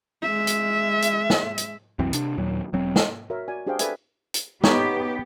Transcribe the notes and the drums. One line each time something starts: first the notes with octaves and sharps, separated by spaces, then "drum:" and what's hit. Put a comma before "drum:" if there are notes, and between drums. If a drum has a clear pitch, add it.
G#3 E5
drum: hi-hat
drum: hi-hat
drum: snare
drum: hi-hat
C2 F#2 E3 C4
C3 D4, drum: hi-hat
D#2 A#2 F#3
E1 F#3 C4
drum: snare
F#4 A#4 C#5 E5
F#4 D5 G#5
D4 G4 G#4 C5 F5 G5
A4 B4 D5 E5 G#5, drum: hi-hat
drum: hi-hat
B3 D#4 G4 C#5, drum: snare